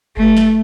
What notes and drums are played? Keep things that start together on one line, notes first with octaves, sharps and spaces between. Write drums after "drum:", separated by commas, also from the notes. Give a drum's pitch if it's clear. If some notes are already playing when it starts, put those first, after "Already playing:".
A3, drum: kick F#1
drum: snare